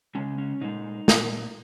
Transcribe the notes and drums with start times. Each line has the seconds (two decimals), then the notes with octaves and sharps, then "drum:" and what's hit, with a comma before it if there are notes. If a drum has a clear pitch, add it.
0.15 C#3 G#3 C#4
0.38 C#4
0.61 A#2 G#3 D#4
1.08 A#2 A#3, drum: snare